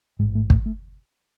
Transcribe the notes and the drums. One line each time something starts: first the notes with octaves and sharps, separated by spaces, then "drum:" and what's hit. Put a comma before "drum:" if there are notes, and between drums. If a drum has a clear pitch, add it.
A1 G#2 G#3
A3
A3, drum: kick
A3